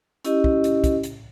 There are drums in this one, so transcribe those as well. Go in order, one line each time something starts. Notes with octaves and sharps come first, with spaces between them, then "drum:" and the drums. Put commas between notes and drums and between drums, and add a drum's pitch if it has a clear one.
C#4 E4 G4 D#5, drum: hi-hat
drum: kick
drum: hi-hat
drum: kick, hi-hat
drum: hi-hat